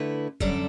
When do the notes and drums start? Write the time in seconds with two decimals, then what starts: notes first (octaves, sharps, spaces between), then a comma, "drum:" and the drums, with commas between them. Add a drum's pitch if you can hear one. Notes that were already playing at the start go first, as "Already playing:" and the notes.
Already playing: D3 A3 E4 B4
0.40 F#2 D3 G3 D4 A4, drum: kick